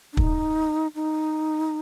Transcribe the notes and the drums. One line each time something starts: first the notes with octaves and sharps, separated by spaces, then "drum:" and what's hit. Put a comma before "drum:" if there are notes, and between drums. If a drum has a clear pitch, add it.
D4
D#4, drum: kick
D#4